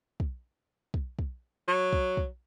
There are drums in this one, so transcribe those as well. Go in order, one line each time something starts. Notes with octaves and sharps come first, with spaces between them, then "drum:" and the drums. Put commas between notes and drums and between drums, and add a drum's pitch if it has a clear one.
drum: kick
drum: kick
drum: kick
F#3
drum: kick
drum: kick